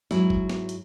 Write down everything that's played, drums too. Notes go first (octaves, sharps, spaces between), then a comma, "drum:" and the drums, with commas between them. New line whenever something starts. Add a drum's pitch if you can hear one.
G#2 F#3 E4, drum: snare
drum: kick F#1
drum: snare
drum: hi-hat